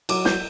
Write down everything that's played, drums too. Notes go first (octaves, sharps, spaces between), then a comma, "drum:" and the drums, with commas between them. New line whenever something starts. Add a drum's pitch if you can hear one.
F#3 D6, drum: cymbal
G6, drum: snare